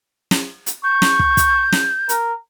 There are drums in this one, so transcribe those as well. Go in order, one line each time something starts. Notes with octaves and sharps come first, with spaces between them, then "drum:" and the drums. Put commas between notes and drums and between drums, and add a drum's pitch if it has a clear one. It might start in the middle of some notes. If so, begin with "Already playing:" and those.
drum: snare
drum: hi-hat
C#6 G6
drum: snare
drum: kick
drum: kick, hi-hat
drum: snare
A#4, drum: hi-hat